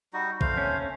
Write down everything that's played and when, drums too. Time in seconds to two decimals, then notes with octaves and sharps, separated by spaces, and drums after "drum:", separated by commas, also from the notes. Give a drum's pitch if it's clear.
0.13 G3 D#4 F#4
0.41 A3 C5 F5, drum: kick
0.58 C#4